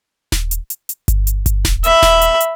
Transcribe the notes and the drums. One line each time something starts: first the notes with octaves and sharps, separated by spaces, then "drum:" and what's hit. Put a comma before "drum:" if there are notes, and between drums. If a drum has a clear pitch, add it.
drum: snare D#1
drum: hi-hat
drum: hi-hat
drum: hi-hat
drum: kick G1, hi-hat
drum: hi-hat
drum: kick G1, hi-hat
drum: snare D#1
E5 B5, drum: hi-hat
drum: snare D#1
drum: hi-hat
drum: hi-hat